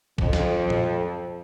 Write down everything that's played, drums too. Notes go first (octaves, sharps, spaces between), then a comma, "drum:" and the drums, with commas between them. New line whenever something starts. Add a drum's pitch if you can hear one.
F2, drum: kick A#1
drum: snare
drum: tom A#2